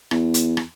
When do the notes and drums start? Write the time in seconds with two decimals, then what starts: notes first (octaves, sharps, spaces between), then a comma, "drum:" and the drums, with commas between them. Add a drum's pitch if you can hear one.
0.11 E2, drum: rim click
0.34 drum: hi-hat
0.57 drum: rim click